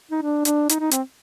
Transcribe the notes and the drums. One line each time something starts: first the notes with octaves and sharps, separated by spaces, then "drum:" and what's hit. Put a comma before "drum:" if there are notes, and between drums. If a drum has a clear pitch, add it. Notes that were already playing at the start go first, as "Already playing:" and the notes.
D#4
D4
D4, drum: hi-hat
D#4, drum: hi-hat
D#4
C4, drum: hi-hat